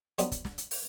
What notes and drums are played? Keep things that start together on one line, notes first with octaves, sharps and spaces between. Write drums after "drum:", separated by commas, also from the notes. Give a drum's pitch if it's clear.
F#3 G3 B3 C4 D4 D#4, drum: hi-hat
drum: kick, hi-hat
drum: snare
drum: hi-hat
drum: open hi-hat